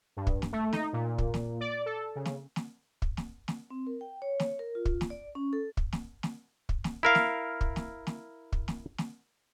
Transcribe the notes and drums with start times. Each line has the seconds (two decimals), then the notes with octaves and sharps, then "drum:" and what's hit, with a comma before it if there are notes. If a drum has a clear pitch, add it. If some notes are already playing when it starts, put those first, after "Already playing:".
0.17 G2
0.27 drum: kick
0.42 drum: snare
0.52 A3
0.73 D#4, drum: snare
0.93 A#2
1.18 drum: kick
1.34 drum: snare
1.60 D5
1.86 A4
2.15 C#3
2.25 drum: snare
2.56 drum: snare
3.02 drum: kick
3.17 drum: snare
3.48 drum: snare
3.70 C4
3.87 A#4
4.01 G5
4.22 C#5
4.40 drum: snare
4.59 A#4
4.75 F4
4.85 drum: kick
5.01 drum: snare
5.10 D5
5.35 C#4
5.53 A4
5.77 drum: kick
5.93 drum: snare
6.23 drum: snare
6.69 drum: kick
6.84 drum: snare
7.03 E4 A#4 F5
7.15 drum: snare
7.61 drum: kick
7.76 drum: snare
8.07 drum: snare
8.52 drum: kick
8.68 drum: snare
8.98 drum: snare